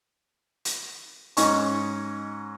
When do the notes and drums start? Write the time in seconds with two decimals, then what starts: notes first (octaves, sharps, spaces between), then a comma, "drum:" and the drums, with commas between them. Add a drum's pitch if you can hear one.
0.65 drum: hi-hat
1.37 G#2 C#4 D#4 C#6, drum: hi-hat